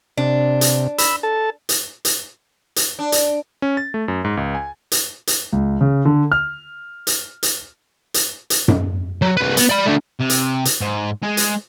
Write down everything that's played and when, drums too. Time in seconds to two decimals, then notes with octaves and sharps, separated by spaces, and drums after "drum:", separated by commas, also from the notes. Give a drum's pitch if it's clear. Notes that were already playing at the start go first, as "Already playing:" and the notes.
0.17 C3 D4
0.61 drum: hi-hat
0.98 B5 E6, drum: hi-hat
1.23 A4 A5
1.69 drum: hi-hat
2.05 drum: hi-hat
2.76 drum: hi-hat
2.99 D4
3.12 drum: hi-hat
3.62 C#4
3.77 A6
3.94 A3
4.08 F#2
4.25 G#2
4.37 C#2
4.55 G#5
4.92 drum: hi-hat
5.27 drum: hi-hat
5.52 C#2
5.81 C#3
6.05 D3
6.32 F6
7.07 drum: hi-hat
7.43 drum: hi-hat
8.14 drum: hi-hat
8.50 drum: hi-hat
8.68 drum: tom F#2
9.22 F#3
9.37 C2 B4
9.57 B3, drum: hi-hat
9.69 D5 B5
9.86 A3 D4
10.20 C3
10.29 drum: hi-hat
10.65 drum: hi-hat
10.81 G#2
11.23 G#3
11.37 drum: hi-hat